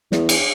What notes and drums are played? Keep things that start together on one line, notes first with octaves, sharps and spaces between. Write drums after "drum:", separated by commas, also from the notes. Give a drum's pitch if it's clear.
E2, drum: snare
drum: cymbal